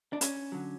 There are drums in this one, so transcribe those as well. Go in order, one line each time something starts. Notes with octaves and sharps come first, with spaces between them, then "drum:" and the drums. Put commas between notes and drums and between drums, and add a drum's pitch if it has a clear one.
D4
C#4, drum: hi-hat
D3 F#3